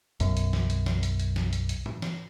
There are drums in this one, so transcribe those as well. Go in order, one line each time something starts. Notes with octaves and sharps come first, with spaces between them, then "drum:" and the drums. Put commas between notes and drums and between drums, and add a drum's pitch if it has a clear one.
B1 F#2, drum: hi-hat
drum: hi-hat
drum: snare
drum: hi-hat
drum: snare
drum: hi-hat
drum: hi-hat
drum: snare
drum: hi-hat
drum: hi-hat
drum: tom G#2
drum: snare